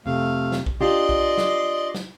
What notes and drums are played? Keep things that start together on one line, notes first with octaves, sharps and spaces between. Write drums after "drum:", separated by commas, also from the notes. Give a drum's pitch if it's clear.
F2 C3 A3 F5
drum: snare
drum: kick B1
D4 F4 G4 D5 D#5 C6
drum: kick B1
drum: snare
drum: snare